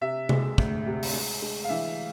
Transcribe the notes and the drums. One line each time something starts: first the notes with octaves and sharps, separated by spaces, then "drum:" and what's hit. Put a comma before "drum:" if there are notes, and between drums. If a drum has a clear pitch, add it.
C3 E5
G#3, drum: tom C3
D2, drum: kick
C3
drum: open hi-hat
G#3
G#3
F5
E3 E5